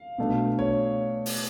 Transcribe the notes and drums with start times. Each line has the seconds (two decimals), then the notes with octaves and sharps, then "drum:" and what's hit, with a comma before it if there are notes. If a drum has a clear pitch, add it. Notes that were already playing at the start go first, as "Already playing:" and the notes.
Already playing: F5
0.18 B2 A3 D4
0.59 C#5
1.26 drum: open hi-hat